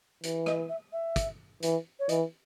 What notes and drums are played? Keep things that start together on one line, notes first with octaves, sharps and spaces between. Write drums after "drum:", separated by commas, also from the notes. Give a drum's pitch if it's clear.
E3, drum: hi-hat
D#5, drum: rim click
E5
E5
drum: kick, hi-hat
E3, drum: hi-hat
C#5
E3 D#5, drum: hi-hat